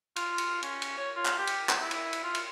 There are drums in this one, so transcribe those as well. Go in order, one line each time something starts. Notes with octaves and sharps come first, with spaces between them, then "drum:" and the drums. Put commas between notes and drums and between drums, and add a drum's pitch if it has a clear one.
F4, drum: cymbal
drum: cymbal
C#4, drum: cymbal
drum: cymbal
C#5
F4
drum: clap
G4
drum: cymbal
drum: clap
E4
drum: cymbal
drum: cymbal
F4
drum: cymbal